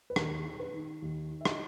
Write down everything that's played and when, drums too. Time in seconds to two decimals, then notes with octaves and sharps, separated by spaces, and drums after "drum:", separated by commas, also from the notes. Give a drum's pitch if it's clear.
0.10 B4
0.16 D#2 A#4, drum: rim click
0.45 D#3
0.60 B4
0.74 D#3
1.02 D#2
1.31 D#3
1.41 E5
1.45 D#5, drum: rim click